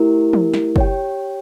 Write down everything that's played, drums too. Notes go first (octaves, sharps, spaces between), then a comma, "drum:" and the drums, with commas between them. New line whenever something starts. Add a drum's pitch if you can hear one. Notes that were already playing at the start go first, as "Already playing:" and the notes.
Already playing: A3 E4 G4 A#4
drum: tom E3
drum: snare
G4 C#5 G5, drum: kick F#1